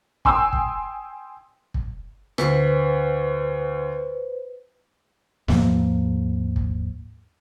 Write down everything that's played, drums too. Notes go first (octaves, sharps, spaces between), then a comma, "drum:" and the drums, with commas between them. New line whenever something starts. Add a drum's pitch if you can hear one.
G5 G#5 C6 D#6 E6, drum: kick
drum: kick
drum: kick
D2 B4 C5, drum: rim click
D#2 G#2 F3 A#3, drum: snare
drum: kick